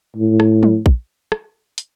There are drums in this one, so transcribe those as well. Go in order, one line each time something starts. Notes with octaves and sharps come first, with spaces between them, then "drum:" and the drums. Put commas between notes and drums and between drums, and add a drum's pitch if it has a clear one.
A2
drum: rim click
drum: tom
drum: kick
drum: rim click
drum: hi-hat